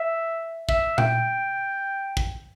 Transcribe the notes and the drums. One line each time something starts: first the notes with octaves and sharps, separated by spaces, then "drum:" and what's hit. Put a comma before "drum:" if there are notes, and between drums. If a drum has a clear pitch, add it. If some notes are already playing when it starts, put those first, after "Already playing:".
Already playing: E5
E5, drum: kick
G5, drum: tom A#2
drum: kick